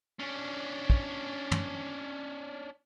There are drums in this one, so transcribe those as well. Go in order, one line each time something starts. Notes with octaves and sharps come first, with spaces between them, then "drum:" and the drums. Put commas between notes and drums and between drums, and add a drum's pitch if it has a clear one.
C#4 D4
drum: kick
drum: tom